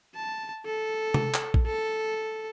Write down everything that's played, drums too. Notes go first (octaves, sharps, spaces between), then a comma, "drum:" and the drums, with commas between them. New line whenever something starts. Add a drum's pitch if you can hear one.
A5
A4
drum: tom C3
drum: clap
drum: kick A#1
A4